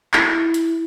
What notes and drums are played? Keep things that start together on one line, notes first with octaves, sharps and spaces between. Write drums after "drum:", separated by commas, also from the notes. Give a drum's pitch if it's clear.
E4, drum: clap
drum: hi-hat